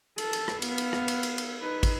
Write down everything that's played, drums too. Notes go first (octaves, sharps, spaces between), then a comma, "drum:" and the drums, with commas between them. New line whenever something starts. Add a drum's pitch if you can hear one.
A4, drum: cymbal
drum: cymbal
drum: rim click
B3 F5, drum: cymbal
drum: cymbal
drum: rim click
drum: cymbal
drum: cymbal
drum: cymbal
D#4 B4
drum: kick, cymbal